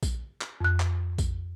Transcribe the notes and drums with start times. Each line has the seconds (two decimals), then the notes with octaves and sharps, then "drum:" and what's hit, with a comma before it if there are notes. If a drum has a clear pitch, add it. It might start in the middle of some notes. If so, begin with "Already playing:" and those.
0.03 drum: kick A#1, tambourine
0.41 drum: clap
0.61 F2 F#6
0.80 drum: clap
1.18 drum: kick A#1, tambourine